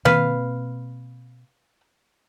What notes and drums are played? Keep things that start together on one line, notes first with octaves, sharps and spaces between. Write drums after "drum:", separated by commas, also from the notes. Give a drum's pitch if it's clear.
B2 A#3 C4 B4 F5, drum: tom D#3